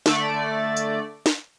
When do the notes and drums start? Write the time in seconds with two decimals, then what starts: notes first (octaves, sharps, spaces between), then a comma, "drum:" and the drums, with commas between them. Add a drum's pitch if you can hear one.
0.06 D3 A3 D5, drum: snare
0.76 drum: tambourine
1.26 drum: snare